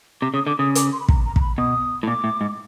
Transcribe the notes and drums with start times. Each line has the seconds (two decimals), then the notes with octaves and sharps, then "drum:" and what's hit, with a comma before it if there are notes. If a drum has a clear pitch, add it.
0.21 C3 D6
0.34 C#3 D#6
0.47 D3 D6
0.59 C#3 D#6
0.75 D6, drum: hi-hat
0.92 C6
1.00 B5
1.09 A#5, drum: kick
1.25 A#5
1.36 A#5, drum: kick
1.41 B5
1.58 B2 D#6
2.03 A2
2.07 A#2 D6
2.24 A2
2.41 G#2